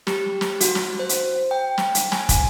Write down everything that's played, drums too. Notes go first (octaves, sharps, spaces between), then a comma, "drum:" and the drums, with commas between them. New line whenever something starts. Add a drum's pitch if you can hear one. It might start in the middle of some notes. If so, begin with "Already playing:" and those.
G4, drum: snare
drum: snare
F#4, drum: hi-hat
drum: snare
C5
drum: hi-hat
G5
drum: snare
drum: hi-hat
G#5, drum: snare
drum: kick, hi-hat